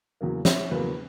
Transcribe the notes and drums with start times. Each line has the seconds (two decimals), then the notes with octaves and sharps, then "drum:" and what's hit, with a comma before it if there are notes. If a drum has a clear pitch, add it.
0.21 E2 C#3 F#3 A#3
0.45 C#5 E5, drum: snare
0.71 E2 C#3 F#3 A#3 B4